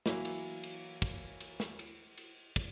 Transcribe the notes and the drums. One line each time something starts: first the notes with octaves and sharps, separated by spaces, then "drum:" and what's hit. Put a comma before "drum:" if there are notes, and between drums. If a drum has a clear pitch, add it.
E3 F#3 A#3 E4, drum: snare
drum: cymbal
drum: cymbal
drum: kick, cymbal
drum: cymbal
drum: snare
drum: cymbal
drum: cymbal
drum: kick, cymbal